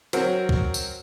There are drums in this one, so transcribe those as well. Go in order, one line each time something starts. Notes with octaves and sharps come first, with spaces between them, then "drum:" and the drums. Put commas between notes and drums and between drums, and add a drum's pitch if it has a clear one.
F#3 C4 F#4 A#4, drum: hi-hat
drum: kick
drum: tambourine